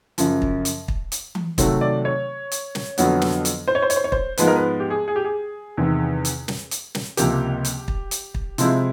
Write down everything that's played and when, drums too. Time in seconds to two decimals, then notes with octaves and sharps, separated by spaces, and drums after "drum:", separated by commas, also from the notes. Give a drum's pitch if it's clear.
0.18 F#2 C#3 F3, drum: hi-hat
0.42 drum: kick
0.65 drum: hi-hat
0.88 drum: kick
1.12 drum: hi-hat
1.35 drum: tom E3
1.58 C3 D#3 F#3 A3, drum: kick, hi-hat
1.81 D5
2.05 C#5
2.52 drum: hi-hat
2.75 drum: snare
2.98 F2 D3 F#3 B3, drum: hi-hat
3.21 drum: snare
3.45 drum: hi-hat
3.68 C5
3.75 C#5
3.82 C5
3.90 C#5, drum: hi-hat
3.96 C5
4.04 C#5
4.12 C5, drum: kick
4.37 G#2 F3 G#3 B3 B4, drum: hi-hat
4.48 A#4
4.56 B4
4.80 G4
4.90 G#4
5.08 G#4
5.16 G4
5.25 G#4
5.78 E2 C3 D#3
6.25 drum: hi-hat
6.48 drum: snare
6.71 drum: hi-hat
6.95 drum: snare
7.17 C#2 C3 F3 A#3 G4, drum: hi-hat
7.65 drum: hi-hat
7.88 drum: kick
8.11 drum: hi-hat
8.35 drum: kick
8.58 C3 F3 G#3 C4 E4, drum: hi-hat